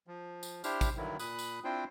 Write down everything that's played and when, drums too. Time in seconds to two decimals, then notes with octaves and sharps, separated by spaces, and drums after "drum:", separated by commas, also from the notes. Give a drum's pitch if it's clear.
0.07 F3
0.43 drum: tambourine
0.64 D4 E4 G4 C5 F6, drum: tambourine
0.81 drum: kick, tambourine
0.97 G2 D3 D#3 F#3 E4
1.19 A#2 B5 D#6 F#6, drum: tambourine
1.39 drum: tambourine
1.64 C4 D4 E4 F4 C5 G5